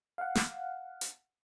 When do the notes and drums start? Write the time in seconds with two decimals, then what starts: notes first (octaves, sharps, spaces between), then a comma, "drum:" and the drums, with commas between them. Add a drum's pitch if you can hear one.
0.18 F5 F#5
0.35 drum: snare
1.01 drum: hi-hat